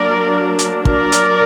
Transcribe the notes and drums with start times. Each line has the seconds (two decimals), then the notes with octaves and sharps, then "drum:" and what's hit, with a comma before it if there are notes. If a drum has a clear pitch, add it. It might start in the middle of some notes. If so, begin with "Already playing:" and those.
Already playing: F#3 A#3 D4 A#4 D5
0.59 drum: hi-hat
0.85 A#4 D5, drum: kick
1.12 drum: hi-hat